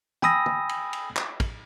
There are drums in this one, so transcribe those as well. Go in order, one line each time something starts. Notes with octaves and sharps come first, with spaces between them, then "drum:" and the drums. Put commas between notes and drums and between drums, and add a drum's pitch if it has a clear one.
G5 G#5 B5 D#6 E6 A#6, drum: tom
drum: tom
drum: cymbal
drum: cymbal
drum: clap
drum: kick, cymbal